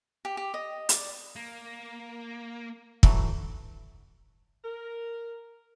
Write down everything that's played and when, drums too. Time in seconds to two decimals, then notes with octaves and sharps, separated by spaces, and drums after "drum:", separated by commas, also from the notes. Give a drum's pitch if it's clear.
0.25 G4
0.37 G4
0.54 D#5
0.89 D5, drum: hi-hat
1.36 A#3
3.03 E3 F#3 A3, drum: kick
4.64 A#4